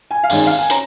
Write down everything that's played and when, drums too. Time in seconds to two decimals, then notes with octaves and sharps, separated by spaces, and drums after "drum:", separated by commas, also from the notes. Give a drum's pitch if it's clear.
0.11 G#5
0.23 F5
0.30 G#1 G#2 D#3 G#3 C#4 G#5, drum: open hi-hat
0.46 F5
0.58 G#5
0.70 C#4 A#5, drum: hi-hat